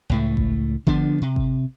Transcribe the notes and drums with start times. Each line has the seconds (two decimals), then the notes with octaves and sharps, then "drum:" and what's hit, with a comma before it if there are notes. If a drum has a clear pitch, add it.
0.10 C#2 A2 A3
0.37 drum: kick G#1
0.87 D3 F3 B3 D4, drum: kick G#1
1.22 C3
1.36 drum: kick G#1